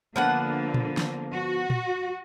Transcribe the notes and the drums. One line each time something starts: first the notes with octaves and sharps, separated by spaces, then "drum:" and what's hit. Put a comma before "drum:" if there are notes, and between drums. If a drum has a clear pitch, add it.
D3 F3 A#3 B3 F#5
drum: tom A#2
drum: snare
F#4
drum: tom A#2